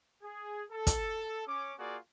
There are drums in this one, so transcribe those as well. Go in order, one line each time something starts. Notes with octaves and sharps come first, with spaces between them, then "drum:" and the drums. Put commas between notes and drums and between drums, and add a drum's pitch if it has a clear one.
G#4
A4
drum: kick, hi-hat
C#4 D6
A#3 F4 F#4 G#4 D5